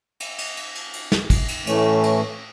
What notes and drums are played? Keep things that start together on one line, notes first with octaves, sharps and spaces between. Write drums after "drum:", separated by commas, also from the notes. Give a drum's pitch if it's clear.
drum: cymbal
drum: cymbal
drum: cymbal
drum: cymbal
drum: cymbal
drum: snare
drum: kick, cymbal
drum: cymbal
A2 E3 A3 C#4, drum: cymbal
drum: cymbal